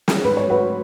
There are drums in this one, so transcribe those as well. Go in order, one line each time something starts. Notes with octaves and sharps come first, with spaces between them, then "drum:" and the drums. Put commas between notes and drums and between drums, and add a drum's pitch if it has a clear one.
drum: snare
G#2 B4
C#5
F#3 F#4 B4